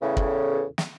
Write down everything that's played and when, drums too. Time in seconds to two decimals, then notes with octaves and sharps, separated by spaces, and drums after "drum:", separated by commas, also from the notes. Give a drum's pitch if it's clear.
0.01 E2 A2 C#3
0.17 drum: kick
0.78 drum: snare